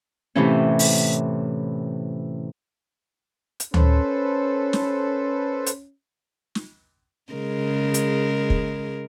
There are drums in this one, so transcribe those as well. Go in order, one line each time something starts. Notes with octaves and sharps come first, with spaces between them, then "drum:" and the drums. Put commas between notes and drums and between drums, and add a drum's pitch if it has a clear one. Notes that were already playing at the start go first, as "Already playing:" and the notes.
A2 C3 E3 C#4
drum: open hi-hat
drum: hi-hat
C#4 A4 B4 C5, drum: tom D2
drum: snare
drum: hi-hat
drum: snare
C#3 G#3 A#4
drum: hi-hat
drum: kick